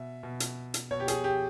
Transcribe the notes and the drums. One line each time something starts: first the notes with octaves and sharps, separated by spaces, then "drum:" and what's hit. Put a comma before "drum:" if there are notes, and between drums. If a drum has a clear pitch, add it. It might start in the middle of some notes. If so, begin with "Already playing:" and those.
Already playing: B2 E5
B2
drum: hi-hat
drum: hi-hat
B2 C#5
G4
G#4, drum: hi-hat
G4